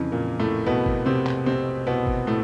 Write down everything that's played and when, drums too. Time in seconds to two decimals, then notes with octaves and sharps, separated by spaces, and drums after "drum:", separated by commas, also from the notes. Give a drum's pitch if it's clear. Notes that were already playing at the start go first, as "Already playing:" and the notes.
Already playing: F2 C#3 E3
0.12 A#2 A#3
0.40 A2 A3
0.66 B2 B3
0.86 drum: kick
1.06 C3 C4
1.26 drum: clap
1.46 C3 C4
1.87 B2 B3
2.07 drum: kick
2.27 A2 A3